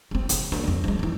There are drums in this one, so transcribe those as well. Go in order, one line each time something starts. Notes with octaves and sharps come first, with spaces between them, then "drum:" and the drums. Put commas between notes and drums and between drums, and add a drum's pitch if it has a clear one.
F1 C4
C#3, drum: hi-hat
A#3, drum: snare
F2 F3
F3 G#3
E3 A#3